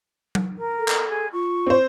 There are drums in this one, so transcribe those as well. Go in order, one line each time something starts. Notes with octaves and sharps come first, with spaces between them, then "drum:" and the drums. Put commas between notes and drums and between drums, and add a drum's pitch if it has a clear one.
drum: tom F#3
A#4
A4
drum: clap
G#4
F4 C#6
C4 C5